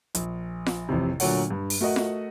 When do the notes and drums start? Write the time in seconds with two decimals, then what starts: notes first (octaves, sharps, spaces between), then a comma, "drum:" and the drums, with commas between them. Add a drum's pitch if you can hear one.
0.15 A#1, drum: hi-hat
0.66 drum: snare F4
0.89 A1 F2 C3
1.20 A#2 D3 F#3 A3 C#5 F#5, drum: open hi-hat
1.51 G2
1.70 drum: open hi-hat
1.81 A3 F#4 A#4 D#5 F#5
1.96 drum: snare F4